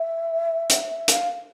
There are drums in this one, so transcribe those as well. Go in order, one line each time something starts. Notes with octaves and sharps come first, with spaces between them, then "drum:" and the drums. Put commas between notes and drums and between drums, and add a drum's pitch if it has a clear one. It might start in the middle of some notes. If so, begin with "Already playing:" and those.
Already playing: E5
drum: hi-hat
F5, drum: hi-hat